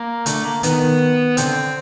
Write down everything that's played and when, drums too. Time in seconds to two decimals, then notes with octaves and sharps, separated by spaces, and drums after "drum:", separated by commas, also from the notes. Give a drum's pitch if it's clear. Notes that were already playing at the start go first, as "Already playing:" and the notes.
Already playing: A#3
0.26 D3 A3, drum: hi-hat
0.45 A#3
0.63 D#3 B3, drum: hi-hat
1.37 D3 C4, drum: hi-hat